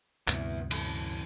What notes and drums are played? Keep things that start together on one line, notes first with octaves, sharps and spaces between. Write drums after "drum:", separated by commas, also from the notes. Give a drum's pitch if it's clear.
D2 G2 C3 B3 E4, drum: clap
E3 A4, drum: cymbal